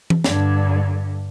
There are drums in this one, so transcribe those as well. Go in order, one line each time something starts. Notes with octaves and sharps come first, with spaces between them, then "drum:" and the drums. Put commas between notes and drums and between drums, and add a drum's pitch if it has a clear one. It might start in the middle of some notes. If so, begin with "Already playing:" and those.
drum: tom E3
G2 D3, drum: snare